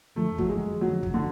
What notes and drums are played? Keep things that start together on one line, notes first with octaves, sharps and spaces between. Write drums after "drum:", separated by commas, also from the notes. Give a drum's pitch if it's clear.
F2 D3 F3 A3
F#3, drum: kick
G#3
F2 D3 F3 F#3
drum: kick
D3